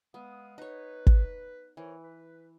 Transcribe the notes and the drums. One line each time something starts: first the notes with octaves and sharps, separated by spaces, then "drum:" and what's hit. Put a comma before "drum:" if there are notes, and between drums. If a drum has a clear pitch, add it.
G#3 B3 F5 D#6
D#4 B4 C#5
drum: kick
E3 A#4 C5 C#5
B4